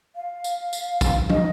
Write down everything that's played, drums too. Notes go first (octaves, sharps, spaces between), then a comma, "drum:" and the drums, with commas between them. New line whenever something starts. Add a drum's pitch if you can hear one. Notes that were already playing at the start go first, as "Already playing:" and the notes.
F5
drum: tambourine
drum: tambourine
drum: kick, tambourine
D#5, drum: tom